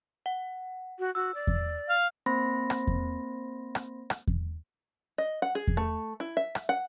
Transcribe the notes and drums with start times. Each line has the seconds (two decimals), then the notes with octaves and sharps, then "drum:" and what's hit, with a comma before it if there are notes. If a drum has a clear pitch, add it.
0.26 F#5
0.99 F#4
1.15 F#4 E6
1.35 D5
1.47 drum: kick E2
1.89 F5
2.26 A#3 C4 C5 B5 C6 A#6
2.70 drum: rim click
2.87 drum: kick E2
3.75 drum: rim click
4.10 drum: rim click
4.27 drum: kick E2
5.18 D#5
5.42 F#5
5.55 G#4
5.68 drum: kick E2
5.77 A3
6.20 E4
6.37 E5
6.55 drum: rim click
6.69 F#5